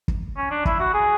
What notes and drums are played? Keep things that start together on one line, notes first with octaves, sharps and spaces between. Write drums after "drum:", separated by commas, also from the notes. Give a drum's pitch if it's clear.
drum: kick
C#4
D4
E4, drum: kick
F#4
G#4